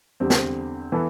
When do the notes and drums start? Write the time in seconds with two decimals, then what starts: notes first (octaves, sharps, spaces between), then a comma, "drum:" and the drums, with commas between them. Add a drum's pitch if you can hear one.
0.20 E2 D3 G3 C4 G4
0.30 drum: snare
0.92 E3 B3 E4 A4